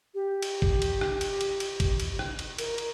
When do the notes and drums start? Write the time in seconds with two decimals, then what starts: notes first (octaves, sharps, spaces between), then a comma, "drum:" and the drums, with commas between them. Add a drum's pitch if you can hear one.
0.14 G4
0.42 drum: cymbal
0.62 drum: kick
0.82 drum: cymbal
1.01 drum: rim click
1.21 drum: cymbal
1.41 drum: cymbal
1.60 drum: cymbal
1.80 drum: kick, cymbal
2.00 drum: cymbal
2.19 drum: rim click
2.39 drum: cymbal
2.58 A#4, drum: cymbal
2.78 drum: cymbal